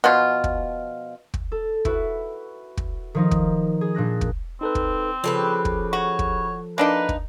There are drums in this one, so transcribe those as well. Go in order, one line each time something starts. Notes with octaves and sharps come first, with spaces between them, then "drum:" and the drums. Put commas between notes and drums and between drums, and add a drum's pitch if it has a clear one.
B2 F3 F4
drum: kick
drum: kick
A4
E4 F#4 B4, drum: kick
drum: kick
D#3 F3 D#4
drum: kick
G#4
A#2 D4 F#6 A#6
drum: kick
C4 D#4 A4 B4
drum: kick
C#3 F3 G4 A4 B4
drum: kick
F#4 C#5
drum: kick
A#3 D4 D#4 B4
drum: kick